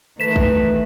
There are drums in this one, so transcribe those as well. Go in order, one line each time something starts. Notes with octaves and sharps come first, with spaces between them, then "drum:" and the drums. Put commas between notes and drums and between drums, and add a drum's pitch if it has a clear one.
D#3 E3 A3 B4 B6 E7
drum: kick